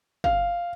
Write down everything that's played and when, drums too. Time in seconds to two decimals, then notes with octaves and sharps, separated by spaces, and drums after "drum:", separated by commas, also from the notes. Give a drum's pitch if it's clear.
0.24 F5, drum: kick